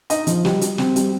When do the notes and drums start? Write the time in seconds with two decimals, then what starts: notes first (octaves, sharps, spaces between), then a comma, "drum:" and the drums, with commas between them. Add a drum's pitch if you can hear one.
0.10 D#4 D#5, drum: hi-hat
0.27 F3, drum: hi-hat
0.45 G3, drum: snare
0.61 G3, drum: hi-hat
0.78 C4, drum: snare
0.96 G3, drum: hi-hat